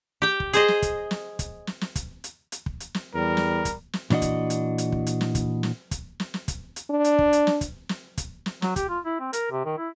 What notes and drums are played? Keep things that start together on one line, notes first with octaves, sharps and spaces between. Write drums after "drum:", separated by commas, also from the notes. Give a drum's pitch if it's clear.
G4 G5
drum: kick
G#4 C5 D#5, drum: hi-hat
drum: snare
drum: kick, hi-hat
drum: snare
drum: kick, hi-hat
drum: snare
drum: snare
drum: kick, hi-hat
drum: hi-hat
drum: hi-hat
drum: kick
drum: hi-hat
drum: snare
E2 G3 A#4
drum: snare
drum: kick, hi-hat
drum: snare
A#2 E3 D4 F#4 D#5, drum: snare
drum: kick, hi-hat
drum: hi-hat
drum: hi-hat
drum: kick
drum: hi-hat
drum: snare
drum: kick, hi-hat
drum: snare
drum: kick, hi-hat
drum: snare
drum: snare
drum: kick, hi-hat
drum: hi-hat
D4
drum: hi-hat
drum: kick
drum: hi-hat
drum: snare
drum: kick, hi-hat
drum: snare
drum: kick, hi-hat
drum: snare
F#3, drum: snare
G4, drum: kick, hi-hat
F4
E4
C4
A#4, drum: hi-hat
C3
D#3
E4